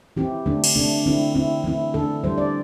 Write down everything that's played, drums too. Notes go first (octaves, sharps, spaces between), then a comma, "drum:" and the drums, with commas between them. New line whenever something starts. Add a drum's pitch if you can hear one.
E3 C4 E4 G4
D3 A3 D4
drum: cymbal
C3 A3 D4
D3 A3 C4 E4
D3 C4 E4
E3 A3 C4 E4
D3 A3 D4 A4
E3 G3 D4 C5
D5